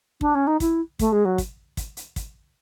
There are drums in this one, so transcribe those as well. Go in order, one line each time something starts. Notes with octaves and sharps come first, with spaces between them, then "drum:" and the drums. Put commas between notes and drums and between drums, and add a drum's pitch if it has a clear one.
D4, drum: kick
C#4
D#4
E4, drum: kick, hi-hat
A3, drum: kick, hi-hat
G#3
F#3
drum: kick, hi-hat
drum: kick, hi-hat
drum: hi-hat
drum: kick, hi-hat